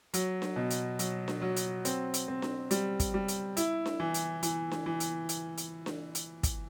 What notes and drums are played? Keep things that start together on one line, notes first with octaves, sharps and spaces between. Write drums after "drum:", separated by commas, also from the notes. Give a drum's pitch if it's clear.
F#3, drum: hi-hat
drum: snare D4
B2
drum: hi-hat
F#3, drum: hi-hat
drum: snare D4
F#3
drum: hi-hat
C4, drum: hi-hat
drum: hi-hat
C4
drum: snare D4
G3, drum: hi-hat
drum: kick, hi-hat
G3
drum: hi-hat
E4, drum: hi-hat
drum: snare D4
E3
drum: hi-hat
E3, drum: hi-hat
drum: snare D4
E3
drum: hi-hat
drum: hi-hat
drum: hi-hat
drum: snare D4
drum: hi-hat
drum: kick, hi-hat